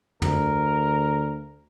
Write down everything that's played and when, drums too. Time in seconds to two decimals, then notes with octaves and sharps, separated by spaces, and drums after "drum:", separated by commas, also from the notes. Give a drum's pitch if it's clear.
0.22 D2 A#4, drum: tom